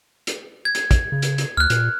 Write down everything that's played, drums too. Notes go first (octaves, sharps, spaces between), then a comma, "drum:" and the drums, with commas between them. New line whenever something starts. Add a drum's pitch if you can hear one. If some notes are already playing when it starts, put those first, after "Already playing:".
drum: hi-hat
G#6
drum: hi-hat
drum: kick, hi-hat
C#3
drum: hi-hat
drum: hi-hat
D2 F6 F#6
A#2, drum: hi-hat